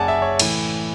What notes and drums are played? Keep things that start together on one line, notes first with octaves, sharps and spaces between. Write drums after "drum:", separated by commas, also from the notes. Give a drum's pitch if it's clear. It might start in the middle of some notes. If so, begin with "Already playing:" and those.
Already playing: F#1 F#2 C#3 D5 F#5 G#5 A5
E5
C#5
A2 E3, drum: cymbal